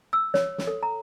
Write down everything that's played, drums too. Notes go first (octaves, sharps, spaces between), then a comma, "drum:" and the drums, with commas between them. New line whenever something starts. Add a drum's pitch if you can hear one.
E6
C#5, drum: snare
drum: snare
A4
A#5